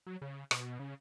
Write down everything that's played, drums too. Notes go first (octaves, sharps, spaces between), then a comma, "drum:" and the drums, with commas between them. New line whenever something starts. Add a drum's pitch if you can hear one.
F#3
C#3
B2, drum: rim click
C#3